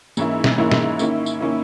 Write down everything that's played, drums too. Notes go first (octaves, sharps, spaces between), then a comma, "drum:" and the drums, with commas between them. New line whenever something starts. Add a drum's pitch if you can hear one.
G#2 E3 A#3 C#4 E4, drum: tambourine
drum: snare
G#2 E3 A#3 C#4 E4
drum: snare
D#3 A#3 C#4 E4, drum: tambourine
drum: tambourine
D#3 A#3 C#4 E4